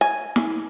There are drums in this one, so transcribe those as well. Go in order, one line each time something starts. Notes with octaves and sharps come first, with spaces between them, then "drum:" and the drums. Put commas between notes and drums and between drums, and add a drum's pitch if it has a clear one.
G#5
drum: snare